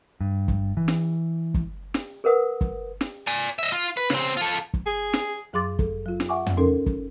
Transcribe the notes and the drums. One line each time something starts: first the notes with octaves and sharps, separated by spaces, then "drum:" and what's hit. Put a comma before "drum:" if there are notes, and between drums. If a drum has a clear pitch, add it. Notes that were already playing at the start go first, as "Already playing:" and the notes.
G2
drum: kick
E3
drum: snare
drum: kick
drum: snare
G#4 A#4 B4 F#5 D#6
drum: kick
drum: snare
D5 G#5
D#5 E5
F4
B4
C#3 C4, drum: snare
F4 A4
drum: kick
G#4
drum: snare
F#2 F#3 G#4 C6 D6 A6
A4, drum: kick
F#3 F4
drum: snare
E5 F#5 G#5 C#6 D6
drum: tom
C#4 D#4 A4 A#4
drum: kick